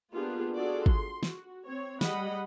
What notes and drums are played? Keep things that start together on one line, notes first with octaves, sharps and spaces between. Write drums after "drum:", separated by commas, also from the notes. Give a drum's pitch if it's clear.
A#3 B3 D4 F4 G4 G#4
D4 F4 F#4 G#4 A4 D5
C6, drum: kick
F#4, drum: snare
C4 C#5
G3 G#4 D#5 F#5 B5, drum: snare